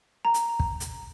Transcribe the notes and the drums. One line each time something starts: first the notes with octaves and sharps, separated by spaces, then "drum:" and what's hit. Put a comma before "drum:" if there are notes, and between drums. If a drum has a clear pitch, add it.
A#5
drum: hi-hat
drum: kick
drum: hi-hat